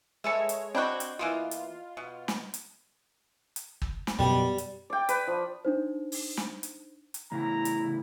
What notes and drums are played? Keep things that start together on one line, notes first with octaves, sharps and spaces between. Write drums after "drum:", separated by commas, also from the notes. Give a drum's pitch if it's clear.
G#3 A4 B4 C#5 E5
drum: hi-hat
C4 D4 F#4 D#5 B5 F#6 G6
drum: hi-hat
E3 A#3 B3 F4
drum: hi-hat
B2
drum: snare
drum: hi-hat
drum: hi-hat
drum: kick
drum: snare
F#2 B2 G3
drum: hi-hat
D5 G5
B4, drum: hi-hat
F3
D4 D#4 C5
drum: open hi-hat
drum: snare
drum: hi-hat
drum: hi-hat
A2 C#3 E4 A#5
drum: hi-hat